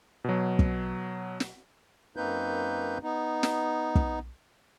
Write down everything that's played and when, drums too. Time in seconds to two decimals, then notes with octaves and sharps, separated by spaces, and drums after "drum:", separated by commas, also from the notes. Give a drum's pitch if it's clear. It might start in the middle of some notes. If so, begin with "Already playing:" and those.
0.24 B2 F#3
0.59 drum: kick
1.40 drum: snare
2.17 F#2 A#3 C4 D#4 B4 G6
3.03 B3 D#4
3.43 drum: snare
3.95 drum: kick